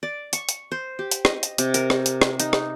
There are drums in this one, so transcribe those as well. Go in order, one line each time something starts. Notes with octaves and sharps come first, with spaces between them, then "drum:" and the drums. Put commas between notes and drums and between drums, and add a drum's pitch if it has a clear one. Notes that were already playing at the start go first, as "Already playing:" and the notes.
D5
C#6, drum: hi-hat
drum: hi-hat
C5
G4
drum: hi-hat
D#5, drum: rim click
drum: hi-hat
C3, drum: hi-hat
A#4, drum: hi-hat
drum: rim click
drum: hi-hat
drum: rim click
D#4, drum: hi-hat
drum: rim click